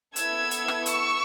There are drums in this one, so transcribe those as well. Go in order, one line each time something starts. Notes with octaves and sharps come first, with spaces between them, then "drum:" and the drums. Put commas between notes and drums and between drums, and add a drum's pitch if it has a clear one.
B3 E4 A4 E6 G#6, drum: hi-hat
drum: hi-hat
drum: rim click
C#6 E6, drum: hi-hat